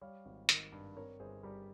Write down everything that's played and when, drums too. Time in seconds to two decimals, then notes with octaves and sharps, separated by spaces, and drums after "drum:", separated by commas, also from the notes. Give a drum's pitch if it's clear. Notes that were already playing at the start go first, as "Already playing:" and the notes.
0.01 G3 C#5 F5
0.25 G#1
0.49 D#3, drum: hi-hat
0.72 G2
0.97 C4 A#4 C#5
1.20 G1 G#4 C5
1.43 G3 G4 A#4